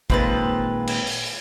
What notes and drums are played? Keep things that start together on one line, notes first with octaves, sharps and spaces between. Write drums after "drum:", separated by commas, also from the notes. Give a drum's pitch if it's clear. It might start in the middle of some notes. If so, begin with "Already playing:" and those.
A#2 D#3 G#3 C4 B4 A5, drum: kick
drum: cymbal
drum: open hi-hat